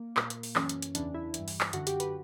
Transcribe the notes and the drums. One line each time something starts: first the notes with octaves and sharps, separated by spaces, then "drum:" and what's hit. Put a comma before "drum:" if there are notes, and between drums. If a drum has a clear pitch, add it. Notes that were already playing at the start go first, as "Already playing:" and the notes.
Already playing: A#3
A#2, drum: clap
drum: hi-hat
drum: open hi-hat
F#2 E3 C#4, drum: clap
drum: hi-hat
drum: hi-hat
E2 C#3 E3 D4, drum: hi-hat
E4
G2 E3, drum: hi-hat
drum: open hi-hat
drum: clap
F#2 D3 F#4, drum: hi-hat
G4, drum: hi-hat
B4, drum: hi-hat